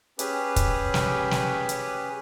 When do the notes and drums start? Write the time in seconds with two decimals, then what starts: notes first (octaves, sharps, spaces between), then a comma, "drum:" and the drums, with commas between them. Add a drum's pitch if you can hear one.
0.19 C#4 G4 G#4 B4, drum: hi-hat
0.56 drum: kick, hi-hat
0.94 drum: snare
1.31 drum: snare
1.69 drum: hi-hat